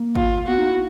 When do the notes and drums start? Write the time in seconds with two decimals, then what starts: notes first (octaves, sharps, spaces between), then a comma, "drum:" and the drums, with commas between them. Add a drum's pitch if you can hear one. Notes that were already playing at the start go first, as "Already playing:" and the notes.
Already playing: A#3
0.15 F4, drum: kick G#1
0.47 B3 F#4
0.58 D#4
0.69 E4